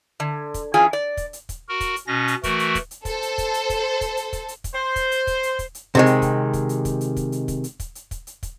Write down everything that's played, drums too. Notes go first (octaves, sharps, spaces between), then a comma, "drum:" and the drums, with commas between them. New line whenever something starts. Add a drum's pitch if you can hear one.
D3
drum: kick, hi-hat
E3 C#4 D4 F4 G#4 G#5
D5
drum: kick, hi-hat
drum: hi-hat
drum: kick, hi-hat
F#4 A#4
drum: kick, hi-hat
drum: hi-hat
B2 C#4 A#6
drum: hi-hat
E3 A3 F#4 A#4, drum: kick, hi-hat
drum: hi-hat
drum: kick, hi-hat
drum: hi-hat
A4 C5, drum: kick, hi-hat
drum: hi-hat
drum: kick, hi-hat
drum: hi-hat
drum: kick, hi-hat
drum: kick, hi-hat
drum: hi-hat
drum: kick, hi-hat
drum: hi-hat
drum: kick, hi-hat
C5
drum: kick, hi-hat
drum: hi-hat
drum: kick, hi-hat
drum: hi-hat
drum: kick, hi-hat
drum: hi-hat
C3 D#3 G#3
drum: hi-hat
drum: kick, hi-hat
drum: kick, hi-hat
drum: hi-hat
drum: kick, hi-hat
drum: hi-hat
drum: kick, hi-hat
drum: hi-hat
drum: kick, hi-hat
drum: hi-hat
drum: kick, hi-hat
drum: hi-hat
drum: kick, hi-hat
drum: hi-hat
drum: kick, hi-hat